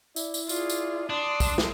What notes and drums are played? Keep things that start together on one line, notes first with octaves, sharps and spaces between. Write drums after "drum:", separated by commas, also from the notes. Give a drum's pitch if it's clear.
E4 D5, drum: tambourine
drum: tambourine
F4 G#4 D5, drum: tambourine
drum: tambourine
D4 D5 C6 D#6
drum: kick, tambourine
drum: snare